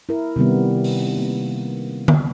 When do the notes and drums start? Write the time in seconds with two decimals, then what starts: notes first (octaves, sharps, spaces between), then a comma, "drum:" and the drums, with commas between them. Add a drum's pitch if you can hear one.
0.09 E4 A#4
0.36 C3 D#3 G3 B3
0.84 drum: open hi-hat
1.17 A#3
2.08 drum: tom D3